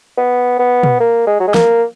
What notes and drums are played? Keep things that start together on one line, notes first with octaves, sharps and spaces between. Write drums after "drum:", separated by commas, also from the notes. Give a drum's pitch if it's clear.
B3
B3
drum: tom
A#3
G#3
F#3
G#3
A#3, drum: snare